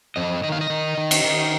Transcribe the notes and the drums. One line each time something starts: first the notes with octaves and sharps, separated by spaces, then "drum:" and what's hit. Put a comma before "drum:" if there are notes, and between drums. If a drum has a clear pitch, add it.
F2 D#5
D#3 D#5
F5
D#5
D#3
D#3
drum: cymbal
D#3